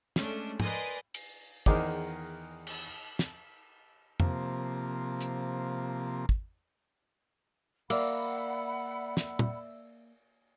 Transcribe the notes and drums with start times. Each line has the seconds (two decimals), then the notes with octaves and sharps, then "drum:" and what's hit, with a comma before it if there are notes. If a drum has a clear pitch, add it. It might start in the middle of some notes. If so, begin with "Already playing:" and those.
0.16 G#3 A3 C#4 D4, drum: snare
0.60 A#4 B4 D5 D#5 G#5 C6, drum: tom G#2
1.14 drum: cymbal
1.66 E2 D#3 G#4 C5 D#5 D6, drum: kick
2.67 drum: cymbal
3.19 drum: snare
4.20 C3 F3 A#3, drum: tom F2
5.21 drum: hi-hat
6.29 drum: kick
7.90 A#3 D5 E5 F#5 B5 E6, drum: cymbal
9.17 drum: snare
9.39 drum: tom